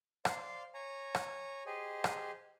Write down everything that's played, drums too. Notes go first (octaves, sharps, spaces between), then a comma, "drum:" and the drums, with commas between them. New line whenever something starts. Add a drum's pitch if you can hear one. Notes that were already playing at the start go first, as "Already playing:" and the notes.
C5 D5 F5, drum: rim click
C#5 G#5 A#5
drum: rim click
G4 G#4 C5 D#5
drum: rim click